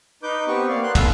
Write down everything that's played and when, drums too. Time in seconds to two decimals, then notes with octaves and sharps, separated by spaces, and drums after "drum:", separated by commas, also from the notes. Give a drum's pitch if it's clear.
0.23 D#4 B4 D6 G6
0.48 B3 C4 G4 B4 C#6
0.69 A#3 D5 F5
0.83 B3 C6 F#6
0.95 A4 B4 F5 A5, drum: kick, cymbal